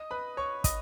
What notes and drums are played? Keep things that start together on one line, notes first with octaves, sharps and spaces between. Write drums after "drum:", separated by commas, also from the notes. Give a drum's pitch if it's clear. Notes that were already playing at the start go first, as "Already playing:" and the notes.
Already playing: D#5 D#6
B4 B5
C#5 C#6
D#5 D#6, drum: kick, hi-hat